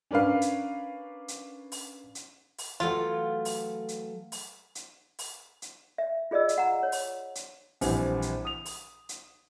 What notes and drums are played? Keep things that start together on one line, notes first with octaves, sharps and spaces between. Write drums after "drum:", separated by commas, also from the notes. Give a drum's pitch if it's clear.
C#4 D4 A#4 B4 F5
drum: hi-hat
drum: hi-hat
drum: open hi-hat
drum: hi-hat
drum: open hi-hat
E3 F#3 A3 F4
drum: open hi-hat
drum: hi-hat
drum: open hi-hat
drum: hi-hat
drum: open hi-hat
drum: hi-hat
E5
F4 G#4 D5 D#5 E6
drum: hi-hat
F#5 A#5
C#5
drum: open hi-hat
drum: hi-hat
A#1 E3 G3 C4 F#5 G#5, drum: open hi-hat
drum: hi-hat
D#6 F7
drum: open hi-hat
drum: hi-hat